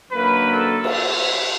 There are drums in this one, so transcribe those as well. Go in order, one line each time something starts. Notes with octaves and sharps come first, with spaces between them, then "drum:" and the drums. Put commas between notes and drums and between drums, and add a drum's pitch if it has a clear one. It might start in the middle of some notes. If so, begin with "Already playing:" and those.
F#2 D3 F#3 A#3 B4
A4
drum: cymbal